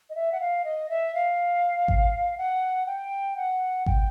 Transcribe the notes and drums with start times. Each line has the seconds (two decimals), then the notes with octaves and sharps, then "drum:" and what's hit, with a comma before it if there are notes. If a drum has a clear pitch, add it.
0.10 D#5
0.15 E5
0.32 F#5
0.41 F5
0.64 D#5
0.89 E5
1.15 F5
1.88 drum: kick G#1
2.38 F#5
2.87 G5
3.37 F#5
3.86 G5, drum: kick G#1